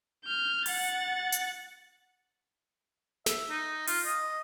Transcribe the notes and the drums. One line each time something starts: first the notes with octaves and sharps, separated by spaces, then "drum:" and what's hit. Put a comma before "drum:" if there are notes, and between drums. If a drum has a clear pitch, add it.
F6 G6
F#5 A6, drum: open hi-hat
drum: hi-hat
E5, drum: snare
D#4
F4, drum: open hi-hat
D#5